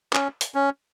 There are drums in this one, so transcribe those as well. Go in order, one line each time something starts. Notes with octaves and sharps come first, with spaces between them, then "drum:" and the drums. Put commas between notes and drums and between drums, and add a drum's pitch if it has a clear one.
C#4, drum: clap
drum: hi-hat
C#4